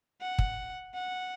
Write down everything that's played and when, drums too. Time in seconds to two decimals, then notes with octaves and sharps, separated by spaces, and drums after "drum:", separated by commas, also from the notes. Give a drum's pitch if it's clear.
0.21 F#5
0.39 drum: kick
0.95 F#5